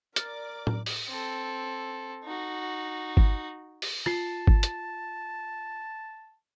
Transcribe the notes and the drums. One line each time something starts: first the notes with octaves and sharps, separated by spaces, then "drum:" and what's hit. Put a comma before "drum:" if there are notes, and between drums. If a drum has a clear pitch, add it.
A#4 D5 D6 F6 A6, drum: hi-hat
drum: tom A2
drum: open hi-hat
C4 A4
D#4 F#4
drum: kick G1
drum: open hi-hat
F4 A5 C7, drum: rim click
drum: kick G1
drum: hi-hat